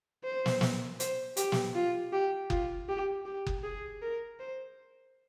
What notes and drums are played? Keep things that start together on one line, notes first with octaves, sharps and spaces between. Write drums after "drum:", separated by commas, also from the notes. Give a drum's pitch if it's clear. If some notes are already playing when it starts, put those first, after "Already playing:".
C5
drum: snare
drum: snare
C5, drum: hi-hat
G4, drum: hi-hat
drum: snare
F4
G4
F4, drum: kick F#1
G4
G4
drum: kick F#1
G#4
A#4
C5